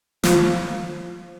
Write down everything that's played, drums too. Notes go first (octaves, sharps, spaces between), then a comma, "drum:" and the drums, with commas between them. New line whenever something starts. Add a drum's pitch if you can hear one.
F3, drum: snare